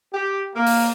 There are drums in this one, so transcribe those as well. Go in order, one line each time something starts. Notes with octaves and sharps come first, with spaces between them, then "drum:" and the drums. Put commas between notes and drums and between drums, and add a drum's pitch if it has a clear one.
G4
A#3
drum: open hi-hat